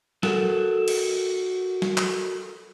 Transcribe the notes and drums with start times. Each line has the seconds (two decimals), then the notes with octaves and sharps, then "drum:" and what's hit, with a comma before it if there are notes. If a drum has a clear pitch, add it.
0.23 F#4 A4 A#4, drum: snare
0.88 drum: cymbal
1.82 drum: snare
1.97 drum: clap